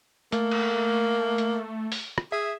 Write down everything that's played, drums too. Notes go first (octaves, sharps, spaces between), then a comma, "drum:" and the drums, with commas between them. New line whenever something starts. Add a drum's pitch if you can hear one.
A3 A#3, drum: hi-hat
drum: cymbal
drum: hi-hat
drum: open hi-hat
drum: rim click
G#4 E5